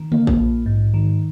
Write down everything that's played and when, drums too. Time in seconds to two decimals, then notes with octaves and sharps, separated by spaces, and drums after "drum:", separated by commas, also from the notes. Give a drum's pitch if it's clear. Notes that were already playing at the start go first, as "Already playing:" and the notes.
Already playing: D#3
0.12 A#3, drum: tom C#3
0.27 drum: kick A1
0.39 A#1
0.66 G#2
0.94 D#3